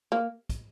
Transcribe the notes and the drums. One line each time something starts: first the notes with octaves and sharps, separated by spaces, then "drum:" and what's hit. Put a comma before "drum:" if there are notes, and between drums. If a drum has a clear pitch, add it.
A#3
drum: kick, hi-hat